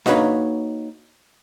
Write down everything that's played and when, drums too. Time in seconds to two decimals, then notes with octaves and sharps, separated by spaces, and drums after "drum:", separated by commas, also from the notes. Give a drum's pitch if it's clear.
0.06 A#3 D#4 F#4 B4 C#5 F5, drum: snare D4